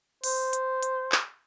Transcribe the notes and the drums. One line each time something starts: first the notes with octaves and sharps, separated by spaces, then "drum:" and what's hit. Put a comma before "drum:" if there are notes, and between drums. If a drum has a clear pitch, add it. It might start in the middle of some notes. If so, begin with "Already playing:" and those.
C5, drum: open hi-hat
drum: hi-hat
drum: hi-hat
drum: clap